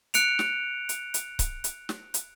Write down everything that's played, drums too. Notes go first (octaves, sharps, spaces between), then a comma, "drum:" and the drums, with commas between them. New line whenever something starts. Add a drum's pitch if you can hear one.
F#6 C#7 D7 F7, drum: hi-hat
drum: snare
drum: hi-hat
drum: hi-hat
drum: kick C#1, hi-hat
drum: hi-hat
drum: snare
drum: hi-hat